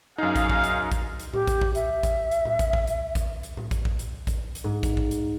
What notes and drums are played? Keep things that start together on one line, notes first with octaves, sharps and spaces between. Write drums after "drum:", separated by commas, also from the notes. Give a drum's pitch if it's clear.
F#2 A#3 D#4 G#4 F5
drum: kick, hi-hat
drum: kick
drum: hi-hat
drum: kick, hi-hat
drum: hi-hat
G4, drum: tom A2
drum: kick, hi-hat
drum: kick
E5, drum: hi-hat
drum: kick, hi-hat
drum: hi-hat
drum: tom A2
drum: kick, hi-hat
drum: kick
drum: hi-hat
drum: kick, hi-hat
drum: hi-hat
drum: tom A2
drum: kick, hi-hat
drum: kick
drum: hi-hat
drum: kick, hi-hat
drum: hi-hat
G#2
drum: kick, hi-hat
drum: kick
drum: hi-hat